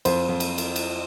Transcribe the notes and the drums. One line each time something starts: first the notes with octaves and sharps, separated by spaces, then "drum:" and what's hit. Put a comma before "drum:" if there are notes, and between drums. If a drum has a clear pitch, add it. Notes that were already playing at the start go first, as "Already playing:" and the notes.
F2 C5, drum: cymbal
F2
drum: cymbal
drum: cymbal
drum: cymbal